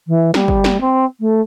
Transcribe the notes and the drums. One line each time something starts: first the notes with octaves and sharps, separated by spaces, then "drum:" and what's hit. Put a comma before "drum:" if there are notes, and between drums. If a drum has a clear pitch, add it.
E3
G3, drum: snare
drum: kick
drum: snare
C4
A3